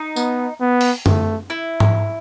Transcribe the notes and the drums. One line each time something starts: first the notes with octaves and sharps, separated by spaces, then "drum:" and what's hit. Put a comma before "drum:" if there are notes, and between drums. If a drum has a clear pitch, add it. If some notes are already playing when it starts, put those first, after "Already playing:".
Already playing: D#4
B3, drum: tambourine
B3
drum: open hi-hat
A3, drum: tom F#2
E4
drum: tom G#2